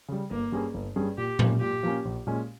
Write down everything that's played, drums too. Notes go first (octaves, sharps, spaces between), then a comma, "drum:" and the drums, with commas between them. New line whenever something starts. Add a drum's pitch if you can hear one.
C#3 G3
G1 A#3
G2 G3 C#4 G#4
G1
G2 G3 C#4 G#4
A#2 G4
F3 A#3 C#4, drum: tom A#2
A#2 G4
F3 A#3 C#4
A#1
A#2 G#3 C#4